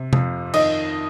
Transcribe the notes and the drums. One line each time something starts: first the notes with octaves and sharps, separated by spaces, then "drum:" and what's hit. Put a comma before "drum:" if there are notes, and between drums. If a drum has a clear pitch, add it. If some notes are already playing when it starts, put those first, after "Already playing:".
Already playing: C3
F2, drum: tom
D#3 D#5, drum: cymbal